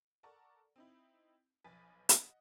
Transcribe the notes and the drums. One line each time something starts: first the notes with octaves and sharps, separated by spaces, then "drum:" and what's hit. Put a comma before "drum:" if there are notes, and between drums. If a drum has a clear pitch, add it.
A4 A#4 D5 F#5 A#5 C#6
C4 D#4 E4
B1 F3 B4 G#5 A6 B6
D#5 F#5, drum: hi-hat